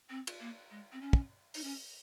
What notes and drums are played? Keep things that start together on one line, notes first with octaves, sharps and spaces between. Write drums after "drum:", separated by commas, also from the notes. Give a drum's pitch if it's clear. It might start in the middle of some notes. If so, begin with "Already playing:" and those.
C4
drum: cymbal
A#3
G#3
C4
C#4
drum: kick
D#4, drum: open hi-hat
C#4